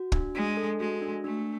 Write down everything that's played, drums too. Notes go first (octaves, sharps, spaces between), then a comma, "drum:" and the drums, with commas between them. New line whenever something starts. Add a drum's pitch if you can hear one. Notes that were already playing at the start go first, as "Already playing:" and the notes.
Already playing: F#4
D4, drum: kick
G#3 D4
A4
G#3 F#4
D4
A3 D4